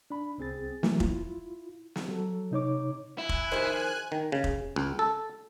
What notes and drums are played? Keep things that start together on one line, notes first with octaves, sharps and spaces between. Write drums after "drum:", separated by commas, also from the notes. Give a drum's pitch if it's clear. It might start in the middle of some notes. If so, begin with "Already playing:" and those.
D4 B5
C2 C4 G#4 A6
E3 F#3 A3 A#3, drum: snare
E4 F4, drum: kick F1
drum: snare
F#3 A4
C3 D#4 C#5 D6
E4 G#5 F#6
drum: kick F1
D#3 F3 G#4 C5
D#3
C#3
drum: kick F1
C#2
A4